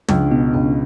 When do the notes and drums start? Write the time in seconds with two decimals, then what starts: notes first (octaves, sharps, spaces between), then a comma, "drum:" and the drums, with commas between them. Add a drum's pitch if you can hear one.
0.08 C#2 D4, drum: tom
0.31 B2 C#4
0.54 C#2 B3